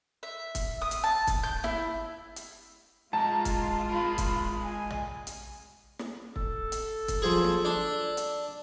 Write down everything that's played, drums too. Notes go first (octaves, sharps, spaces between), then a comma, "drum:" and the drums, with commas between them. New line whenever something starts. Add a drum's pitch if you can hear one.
E5
drum: kick, hi-hat
D#6
drum: hi-hat
A5
drum: kick, hi-hat
G6
E4, drum: snare
drum: hi-hat
G#2 G#3 F4 A5 A#5
drum: kick, hi-hat
G#3 A#4 B5
drum: kick, hi-hat
G#5
drum: tom A#1
drum: hi-hat
drum: snare
A4, drum: kick
drum: hi-hat
drum: kick, hi-hat
F3 G#4
drum: snare
D4
drum: hi-hat